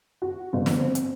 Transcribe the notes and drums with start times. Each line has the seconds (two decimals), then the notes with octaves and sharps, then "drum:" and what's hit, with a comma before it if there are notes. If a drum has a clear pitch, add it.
0.22 F#4
0.53 G1
0.66 G1, drum: snare
0.78 C4
0.95 drum: hi-hat